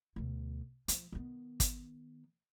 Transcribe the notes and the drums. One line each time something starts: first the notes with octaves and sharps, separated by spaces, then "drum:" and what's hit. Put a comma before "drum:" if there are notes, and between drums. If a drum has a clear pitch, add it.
D2 B2
F3, drum: hi-hat
D#3 B3
drum: kick, hi-hat